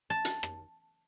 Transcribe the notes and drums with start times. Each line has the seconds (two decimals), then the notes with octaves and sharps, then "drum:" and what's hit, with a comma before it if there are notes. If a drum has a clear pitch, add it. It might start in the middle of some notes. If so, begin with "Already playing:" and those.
0.10 A5
0.25 drum: hi-hat
0.43 drum: rim click